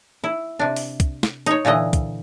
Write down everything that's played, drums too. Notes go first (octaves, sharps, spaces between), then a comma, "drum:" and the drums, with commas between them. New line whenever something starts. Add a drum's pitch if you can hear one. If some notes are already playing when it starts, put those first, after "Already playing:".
E4
C3 D4
drum: open hi-hat
drum: kick, hi-hat
drum: snare
D#4 C#5, drum: hi-hat
A#2 D3 E3 D#5
drum: kick, hi-hat